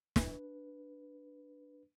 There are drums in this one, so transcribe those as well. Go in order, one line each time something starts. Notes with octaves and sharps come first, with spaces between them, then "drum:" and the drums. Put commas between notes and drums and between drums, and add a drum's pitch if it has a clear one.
D4 B4, drum: snare